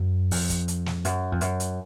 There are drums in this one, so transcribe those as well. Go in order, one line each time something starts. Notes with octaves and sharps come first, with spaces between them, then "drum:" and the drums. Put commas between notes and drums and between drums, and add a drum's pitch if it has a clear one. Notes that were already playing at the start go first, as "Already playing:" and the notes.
Already playing: F#2
F2, drum: open hi-hat
drum: kick, hi-hat
drum: hi-hat
drum: snare
F#2, drum: hi-hat
F2
F#2, drum: hi-hat
drum: hi-hat